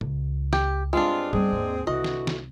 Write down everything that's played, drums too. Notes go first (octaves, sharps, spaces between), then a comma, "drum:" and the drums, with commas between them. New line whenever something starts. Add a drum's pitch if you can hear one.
C#2, drum: tom A2
G4, drum: snare
G2 G#3 C4 D4 F4
G3 B3 C4 G#4, drum: tom G2
D#2 G#2
C2 D3 E3 F#4 D#5
drum: snare
drum: snare